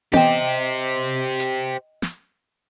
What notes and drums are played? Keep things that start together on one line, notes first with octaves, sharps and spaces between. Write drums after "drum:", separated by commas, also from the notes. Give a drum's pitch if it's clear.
G4 C5 D#5 G5, drum: tom B3
drum: hi-hat
drum: snare